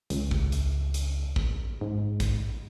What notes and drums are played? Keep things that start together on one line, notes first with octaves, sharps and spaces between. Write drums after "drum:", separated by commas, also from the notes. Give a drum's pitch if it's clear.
C#2, drum: hi-hat
drum: kick A1
drum: hi-hat
drum: hi-hat
drum: kick A1
G#2
drum: kick A1, hi-hat